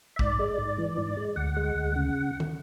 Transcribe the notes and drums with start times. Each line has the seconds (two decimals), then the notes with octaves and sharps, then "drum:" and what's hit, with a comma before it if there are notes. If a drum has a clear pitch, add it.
0.16 E5
0.19 G#2 D5, drum: kick A1
0.39 G#3
0.59 G#2
0.79 E3
0.98 G#2
1.17 G#3
1.36 D2 F#5
1.57 G#3
1.75 D2
1.96 C#3
2.40 drum: tom